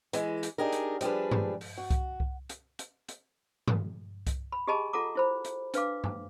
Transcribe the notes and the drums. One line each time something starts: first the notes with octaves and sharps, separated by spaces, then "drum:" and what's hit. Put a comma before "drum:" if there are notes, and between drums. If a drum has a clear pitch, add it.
E3 G#3, drum: hi-hat
drum: hi-hat
D4 D#4 G4 G#4 A#4
drum: hi-hat
F3 G3 D4 G#4 B4, drum: hi-hat
drum: tom G2
drum: open hi-hat
F#4
drum: kick C2, hi-hat
drum: kick C2
drum: hi-hat
drum: hi-hat
drum: hi-hat
drum: tom G2
drum: kick C2, hi-hat
B5
G4 G#4 D#5 G#5 A5 B5
F4 A4 F#5 A#5 D6
E4 C5 B5
drum: hi-hat
D4 B4 F5 D6, drum: hi-hat
drum: tom G2